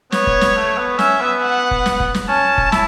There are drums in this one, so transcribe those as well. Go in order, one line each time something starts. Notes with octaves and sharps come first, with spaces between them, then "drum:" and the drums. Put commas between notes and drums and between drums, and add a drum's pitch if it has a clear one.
B3 C#5, drum: snare
drum: kick F1
drum: snare
A3
B3
C#4 E5, drum: snare
B3
F#5
drum: kick F1
drum: snare
drum: kick F1
drum: snare
C#4 A5
drum: kick F1
E4, drum: snare